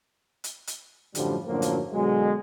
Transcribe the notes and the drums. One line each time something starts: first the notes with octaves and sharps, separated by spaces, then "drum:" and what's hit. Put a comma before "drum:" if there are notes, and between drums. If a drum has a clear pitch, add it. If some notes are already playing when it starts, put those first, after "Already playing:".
drum: hi-hat
drum: hi-hat
F#2 A2 D3 F3 G3, drum: hi-hat
F#2 A2 D3 F3 F#3 A#3
drum: hi-hat
B2 D3 F#3 G#3